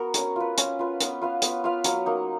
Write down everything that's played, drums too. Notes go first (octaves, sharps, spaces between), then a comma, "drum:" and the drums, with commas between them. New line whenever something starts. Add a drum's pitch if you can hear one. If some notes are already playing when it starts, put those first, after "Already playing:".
Already playing: B3 F#4 A#4
C#4, drum: hi-hat
F4 B4
C#4, drum: hi-hat
F4 B4
B3, drum: hi-hat
F4 B4 F5
B3, drum: hi-hat
F4 B4 F5
F#3, drum: hi-hat
A#3 D#4